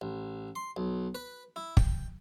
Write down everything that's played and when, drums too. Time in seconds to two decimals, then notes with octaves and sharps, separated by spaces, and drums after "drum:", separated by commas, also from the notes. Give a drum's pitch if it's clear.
0.01 A1
0.55 C6
0.77 B1
1.15 B4
1.56 E4
1.77 G5, drum: kick